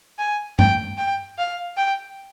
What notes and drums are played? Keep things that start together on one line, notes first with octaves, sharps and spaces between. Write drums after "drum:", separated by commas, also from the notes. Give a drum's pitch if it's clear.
G#5
G5, drum: tom G2
G5
F5
G5